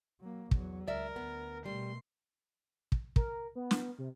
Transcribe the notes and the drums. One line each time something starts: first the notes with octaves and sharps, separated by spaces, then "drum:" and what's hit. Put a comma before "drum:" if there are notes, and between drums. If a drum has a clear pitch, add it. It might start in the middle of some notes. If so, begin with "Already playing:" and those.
F#3 A#3
E2 F#3, drum: kick
C#2 A#4 D5 E5
D2 B3
B2 G3 A3 C6
drum: kick
A#4, drum: kick
B3
drum: snare
C3